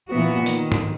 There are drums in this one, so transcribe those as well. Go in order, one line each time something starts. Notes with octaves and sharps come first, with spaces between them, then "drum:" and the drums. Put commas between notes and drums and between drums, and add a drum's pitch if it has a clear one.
A#2 E3 B3 F#4
D#3, drum: hi-hat
drum: tom G#2